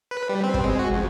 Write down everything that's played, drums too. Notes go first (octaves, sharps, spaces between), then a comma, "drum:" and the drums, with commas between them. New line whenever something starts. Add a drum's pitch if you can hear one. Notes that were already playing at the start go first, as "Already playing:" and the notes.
B4
G3
C4
drum: kick
G#3
F#4
F2